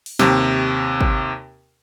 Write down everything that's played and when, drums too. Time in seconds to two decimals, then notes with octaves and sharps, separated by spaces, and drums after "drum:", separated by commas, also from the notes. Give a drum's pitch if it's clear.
0.06 drum: open hi-hat
0.19 D#2 C3, drum: snare
1.01 drum: kick